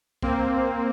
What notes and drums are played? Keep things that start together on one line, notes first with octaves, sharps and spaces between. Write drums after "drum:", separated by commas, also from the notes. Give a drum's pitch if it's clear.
A#3 C4, drum: kick